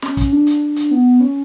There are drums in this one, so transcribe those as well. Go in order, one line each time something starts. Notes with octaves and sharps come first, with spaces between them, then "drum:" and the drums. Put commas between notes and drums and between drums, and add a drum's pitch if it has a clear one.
C#4, drum: snare
drum: kick, hi-hat
D4
drum: hi-hat
drum: hi-hat
B3
C#4